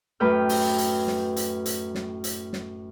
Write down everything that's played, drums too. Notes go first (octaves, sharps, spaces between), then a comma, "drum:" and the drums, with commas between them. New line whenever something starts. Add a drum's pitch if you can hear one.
F#2 A2 B4 G5 F6
drum: open hi-hat
drum: hi-hat
drum: snare
drum: hi-hat
drum: hi-hat
drum: snare
drum: hi-hat
drum: snare